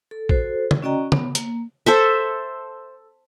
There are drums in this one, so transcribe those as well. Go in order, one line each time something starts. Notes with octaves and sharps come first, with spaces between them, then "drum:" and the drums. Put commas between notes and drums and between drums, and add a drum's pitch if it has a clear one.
A4
F#4 A4 C5, drum: kick
drum: tom
C#4 F#4 D5 D#5 G5 A#5
B3, drum: tom
A#3, drum: hi-hat
A4 C5 E5